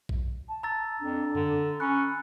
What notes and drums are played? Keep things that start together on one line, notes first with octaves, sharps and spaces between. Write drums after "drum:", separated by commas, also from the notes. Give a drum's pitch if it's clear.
drum: kick A#1
A5
A#5 E6 A6
F2 D4
D3, drum: tom F2
C#4 B5 F#6 C#7